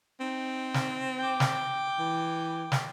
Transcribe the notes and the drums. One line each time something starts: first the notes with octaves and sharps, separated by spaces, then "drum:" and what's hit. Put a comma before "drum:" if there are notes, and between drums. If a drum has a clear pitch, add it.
C4 D#4
drum: snare
G5 D6
drum: snare
E3
drum: snare